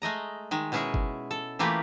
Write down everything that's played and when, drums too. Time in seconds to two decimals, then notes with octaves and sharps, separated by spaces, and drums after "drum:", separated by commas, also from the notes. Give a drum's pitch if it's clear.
0.02 G#3 A3 D#5 A#5
0.51 D#3 G#3
0.72 B2 G#3 C#4 E4 G#4
0.94 drum: kick G1
1.31 A4
1.59 E3 A3 A#3 F4 G4 B4